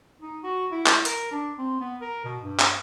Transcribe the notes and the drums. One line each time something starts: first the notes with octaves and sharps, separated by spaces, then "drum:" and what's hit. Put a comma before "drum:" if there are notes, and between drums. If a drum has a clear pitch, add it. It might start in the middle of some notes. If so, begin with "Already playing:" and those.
D#4
F#4
E4
drum: clap
A#4, drum: hi-hat
D4
C4
B3
A#4
B2
G2
drum: clap